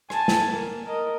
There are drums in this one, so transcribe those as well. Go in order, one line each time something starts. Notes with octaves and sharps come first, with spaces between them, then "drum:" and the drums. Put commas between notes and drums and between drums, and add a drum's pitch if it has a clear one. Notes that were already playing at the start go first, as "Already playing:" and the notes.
G#5 A5, drum: rim click
drum: snare
A#3
A#4 D#5